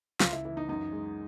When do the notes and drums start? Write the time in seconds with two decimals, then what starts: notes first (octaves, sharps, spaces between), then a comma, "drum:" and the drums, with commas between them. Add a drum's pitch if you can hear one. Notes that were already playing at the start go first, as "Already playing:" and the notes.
0.20 C#2 F4, drum: snare
0.32 E4
0.45 E3 E4
0.57 D#4
0.69 F#2 D#4
0.92 G#3